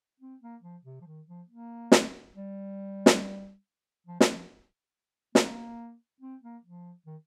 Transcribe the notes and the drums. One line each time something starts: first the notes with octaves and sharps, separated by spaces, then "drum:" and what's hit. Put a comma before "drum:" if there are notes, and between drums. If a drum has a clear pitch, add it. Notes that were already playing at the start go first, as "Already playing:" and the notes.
C4
A#3
F3
C3
F3
D#3
F3
A#3
drum: snare
G3
drum: snare
F3
G3, drum: snare
F3
A#3, drum: snare
C4
A#3
F3
D#3